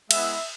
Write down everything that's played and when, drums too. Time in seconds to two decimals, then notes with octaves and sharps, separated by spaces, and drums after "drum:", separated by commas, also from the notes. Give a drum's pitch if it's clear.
0.11 G#3 B3 E4 E5, drum: cymbal